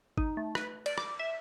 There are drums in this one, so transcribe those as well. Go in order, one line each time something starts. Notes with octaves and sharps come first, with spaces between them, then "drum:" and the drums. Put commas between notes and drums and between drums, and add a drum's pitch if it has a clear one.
D#4, drum: kick G#1
A3
B4, drum: rim click
D5, drum: cymbal
D6, drum: rim click
E5